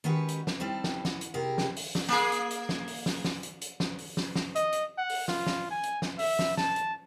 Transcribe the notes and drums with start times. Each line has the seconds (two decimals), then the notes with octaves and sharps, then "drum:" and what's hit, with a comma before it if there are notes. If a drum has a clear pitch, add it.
0.04 D#3 G#3 C#4 F#4 G4 B4
0.29 drum: hi-hat
0.47 drum: snare
0.60 G3 C4 D#4 E4 A4
0.84 drum: snare
1.05 F#5, drum: snare
1.21 drum: hi-hat
1.34 C3 E4 G4 G#4 A#4
1.58 drum: snare
1.76 drum: open hi-hat
1.95 drum: snare
2.09 A#3 G#4
2.32 drum: hi-hat
2.50 drum: hi-hat
2.69 drum: snare
2.87 drum: open hi-hat
3.06 drum: snare
3.24 drum: snare
3.43 drum: hi-hat
3.61 drum: hi-hat
3.80 drum: snare
3.98 drum: open hi-hat
4.17 drum: snare
4.35 drum: snare
4.55 D#5, drum: hi-hat
4.72 drum: hi-hat
4.98 F#5
5.09 drum: open hi-hat
5.28 F4, drum: snare
5.46 drum: snare
5.71 G#5
5.83 drum: hi-hat
6.02 drum: snare
6.19 E5, drum: open hi-hat
6.39 drum: snare
6.57 A5, drum: snare
6.76 drum: hi-hat